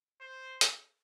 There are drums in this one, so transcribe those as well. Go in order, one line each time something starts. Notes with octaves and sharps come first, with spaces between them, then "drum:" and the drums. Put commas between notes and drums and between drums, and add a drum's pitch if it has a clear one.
C5
drum: hi-hat